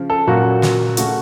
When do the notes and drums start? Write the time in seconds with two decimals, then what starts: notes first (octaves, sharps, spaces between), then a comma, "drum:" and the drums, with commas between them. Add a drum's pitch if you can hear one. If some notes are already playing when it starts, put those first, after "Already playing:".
Already playing: C#3 F3
0.10 A4
0.27 A#2 F#3 A#3 C#4 F#4
0.62 drum: snare
0.97 C#3 A3 C#4 F#4, drum: hi-hat